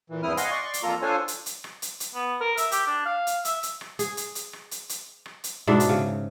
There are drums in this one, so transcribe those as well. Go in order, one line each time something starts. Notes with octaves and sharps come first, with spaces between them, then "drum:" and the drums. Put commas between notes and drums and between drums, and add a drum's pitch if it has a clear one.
A#2 E3
E2 G2 C4 E4 D#6 F6
D#5 F5 F#5 G#5 C6, drum: hi-hat
D5 C6 C#6
drum: hi-hat
F2 A#3 F4 A4 A#5
D4 F4 A4 C5 C#5 G#5
drum: hi-hat
drum: hi-hat
drum: rim click
drum: hi-hat
drum: hi-hat
B3
A#4
E5, drum: hi-hat
G4, drum: hi-hat
D4
F5
drum: hi-hat
E5, drum: hi-hat
drum: hi-hat
drum: rim click
G#4, drum: hi-hat
drum: hi-hat
drum: hi-hat
drum: rim click
drum: hi-hat
drum: hi-hat
drum: rim click
drum: hi-hat
G#2 B2 D4 E5
drum: hi-hat
C#3